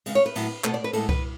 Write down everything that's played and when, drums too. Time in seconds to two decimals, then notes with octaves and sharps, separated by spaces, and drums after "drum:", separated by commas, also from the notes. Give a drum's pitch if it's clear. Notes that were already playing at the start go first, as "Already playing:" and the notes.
0.06 C#3 G#3 B3, drum: cymbal
0.15 C#5
0.26 B4
0.35 A2 F#3 B3, drum: cymbal
0.64 B2 A3 B4, drum: clap
0.74 D5
0.84 B4
0.93 A2 G#3 B3 A4, drum: cymbal
1.09 B4, drum: kick C2